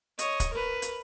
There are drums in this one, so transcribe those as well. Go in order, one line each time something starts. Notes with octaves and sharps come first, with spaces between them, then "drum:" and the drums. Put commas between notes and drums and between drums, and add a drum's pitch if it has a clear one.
C#5 D#5, drum: hi-hat
drum: kick, hi-hat
A#4 B4
drum: hi-hat